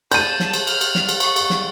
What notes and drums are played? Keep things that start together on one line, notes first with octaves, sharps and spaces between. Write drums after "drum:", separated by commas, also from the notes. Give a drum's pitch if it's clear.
A5 G6 D#7, drum: cymbal
drum: snare
drum: cymbal
F6, drum: cymbal
drum: cymbal
drum: snare
drum: cymbal
C#6, drum: cymbal
drum: cymbal
drum: snare